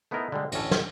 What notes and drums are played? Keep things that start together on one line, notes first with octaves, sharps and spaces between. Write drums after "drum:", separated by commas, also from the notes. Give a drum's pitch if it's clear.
A3 B3 D#4 E4 A#4 D#5
D3 G3 G#3
A1 D2 A2 C#4 A4, drum: cymbal
drum: snare